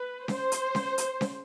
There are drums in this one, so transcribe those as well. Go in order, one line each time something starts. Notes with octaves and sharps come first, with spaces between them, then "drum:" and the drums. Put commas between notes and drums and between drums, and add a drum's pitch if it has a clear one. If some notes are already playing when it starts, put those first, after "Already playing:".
Already playing: B4
C5, drum: snare C#4
drum: hi-hat
drum: snare C#4
drum: hi-hat
drum: snare C#4